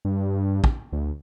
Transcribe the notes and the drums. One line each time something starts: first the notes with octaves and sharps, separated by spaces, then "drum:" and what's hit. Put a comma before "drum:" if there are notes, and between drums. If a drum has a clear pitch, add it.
G2
drum: kick
D2